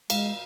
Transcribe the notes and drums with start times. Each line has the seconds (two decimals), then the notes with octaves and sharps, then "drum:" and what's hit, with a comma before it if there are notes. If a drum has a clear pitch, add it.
0.10 G#3 F5, drum: cymbal